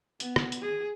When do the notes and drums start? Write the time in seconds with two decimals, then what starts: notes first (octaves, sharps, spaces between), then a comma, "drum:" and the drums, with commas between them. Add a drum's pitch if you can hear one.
0.20 B3, drum: hi-hat
0.36 drum: rim click
0.52 drum: hi-hat
0.62 G#4